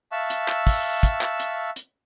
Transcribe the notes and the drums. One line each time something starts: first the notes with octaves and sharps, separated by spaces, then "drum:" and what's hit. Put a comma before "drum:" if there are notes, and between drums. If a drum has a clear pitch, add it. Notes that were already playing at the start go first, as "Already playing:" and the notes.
E5 F5 A5 C#6 E6 F#6
drum: hi-hat
drum: clap
drum: kick, open hi-hat
drum: kick, hi-hat
drum: clap
drum: hi-hat
drum: hi-hat